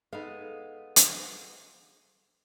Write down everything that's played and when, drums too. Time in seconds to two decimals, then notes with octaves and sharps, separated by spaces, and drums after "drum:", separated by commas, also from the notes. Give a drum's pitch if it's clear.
0.13 G#3 B3 D#4 A4 F5
0.96 drum: hi-hat